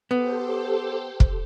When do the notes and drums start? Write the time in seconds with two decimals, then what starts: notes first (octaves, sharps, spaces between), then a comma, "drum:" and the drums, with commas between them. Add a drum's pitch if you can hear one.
0.11 B3 G4 A4 C5
1.20 drum: kick